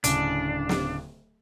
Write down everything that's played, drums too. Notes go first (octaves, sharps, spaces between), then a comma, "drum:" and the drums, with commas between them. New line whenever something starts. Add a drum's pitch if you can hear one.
D1 C#3 D4, drum: hi-hat
drum: snare